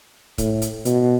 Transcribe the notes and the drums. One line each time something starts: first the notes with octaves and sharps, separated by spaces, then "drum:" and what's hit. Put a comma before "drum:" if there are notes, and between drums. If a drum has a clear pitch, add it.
A2, drum: kick C#1, hi-hat
drum: hi-hat
B2, drum: hi-hat